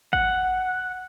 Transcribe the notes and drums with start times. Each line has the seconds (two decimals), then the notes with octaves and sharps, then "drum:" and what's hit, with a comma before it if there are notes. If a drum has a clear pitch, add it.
0.13 F#5, drum: kick G#1